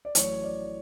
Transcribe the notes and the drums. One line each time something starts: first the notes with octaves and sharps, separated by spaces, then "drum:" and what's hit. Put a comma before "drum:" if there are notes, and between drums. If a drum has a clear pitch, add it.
D5
A1 A2 F#3 C#5, drum: hi-hat
D5